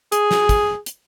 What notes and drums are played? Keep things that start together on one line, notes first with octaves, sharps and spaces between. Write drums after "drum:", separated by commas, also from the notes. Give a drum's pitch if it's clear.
G#4, drum: hi-hat
drum: snare
drum: kick, hi-hat
drum: hi-hat